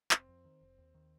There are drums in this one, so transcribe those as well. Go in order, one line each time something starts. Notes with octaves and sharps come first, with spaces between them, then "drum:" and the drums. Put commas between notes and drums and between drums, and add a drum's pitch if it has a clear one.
F1 C4, drum: clap
F2
D#3
F1
D#2
D#3